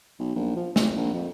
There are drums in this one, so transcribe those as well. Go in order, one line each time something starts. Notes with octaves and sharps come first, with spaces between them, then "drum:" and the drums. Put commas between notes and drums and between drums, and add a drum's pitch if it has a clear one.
B1
A#1
F3
G#1, drum: snare
A#1
F2